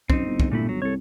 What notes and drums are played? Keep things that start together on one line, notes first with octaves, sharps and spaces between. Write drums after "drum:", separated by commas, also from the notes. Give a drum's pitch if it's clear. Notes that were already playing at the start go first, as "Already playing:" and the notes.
F#2 C4 D#4, drum: kick
G1
drum: kick
A#2 A3 E4
F#3
C2 A4 C#5